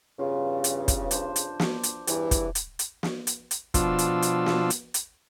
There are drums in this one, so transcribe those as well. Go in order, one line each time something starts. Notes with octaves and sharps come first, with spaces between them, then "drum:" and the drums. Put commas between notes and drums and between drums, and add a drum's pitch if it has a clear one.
E2 G2 C#3 F4
drum: hi-hat
drum: kick, hi-hat
D4 C5, drum: hi-hat
drum: hi-hat
drum: snare
drum: hi-hat
E2 G2 E3, drum: hi-hat
drum: kick, hi-hat
drum: hi-hat
drum: hi-hat
drum: snare
drum: hi-hat
drum: hi-hat
B2 F3 D4 F4 E6, drum: kick, hi-hat
drum: hi-hat
drum: hi-hat
drum: snare
drum: hi-hat
drum: hi-hat